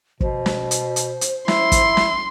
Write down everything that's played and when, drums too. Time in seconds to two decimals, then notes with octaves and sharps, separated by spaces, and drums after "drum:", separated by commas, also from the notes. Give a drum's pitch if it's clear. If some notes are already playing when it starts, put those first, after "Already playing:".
0.20 B2 C5, drum: kick
0.46 drum: snare
0.71 drum: hi-hat
0.96 drum: hi-hat
1.21 drum: hi-hat
1.48 E4 C6, drum: snare
1.72 drum: kick, hi-hat
1.97 drum: snare